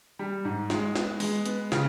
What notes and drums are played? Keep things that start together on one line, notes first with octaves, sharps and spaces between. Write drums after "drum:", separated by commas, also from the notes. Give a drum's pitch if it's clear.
G3
G#2
G#3, drum: snare
B3, drum: snare
G#3, drum: open hi-hat
B3, drum: hi-hat
C#3, drum: snare